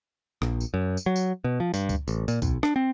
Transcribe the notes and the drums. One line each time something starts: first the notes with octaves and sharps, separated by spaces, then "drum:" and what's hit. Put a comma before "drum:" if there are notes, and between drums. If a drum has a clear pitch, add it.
A#1, drum: rim click
drum: tambourine
F#2
drum: tambourine
F#3
drum: tambourine
B2
F3
G2, drum: tambourine
drum: kick C#2, tambourine
A1, drum: tambourine
A#2, drum: tambourine
B1, drum: kick C#2, tambourine
D4, drum: rim click
C4